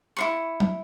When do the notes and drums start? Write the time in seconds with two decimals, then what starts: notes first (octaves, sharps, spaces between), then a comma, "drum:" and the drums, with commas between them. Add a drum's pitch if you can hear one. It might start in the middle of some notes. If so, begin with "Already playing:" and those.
0.17 E4 C5 C#6
0.60 drum: tom